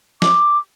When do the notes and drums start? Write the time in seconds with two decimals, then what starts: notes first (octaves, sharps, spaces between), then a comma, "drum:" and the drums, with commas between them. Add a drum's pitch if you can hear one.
0.22 D6, drum: snare